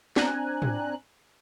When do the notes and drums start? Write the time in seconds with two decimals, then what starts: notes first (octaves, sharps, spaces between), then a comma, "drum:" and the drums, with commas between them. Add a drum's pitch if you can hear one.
0.16 C4 D4 G#5 A#5 F#6, drum: snare
0.62 drum: tom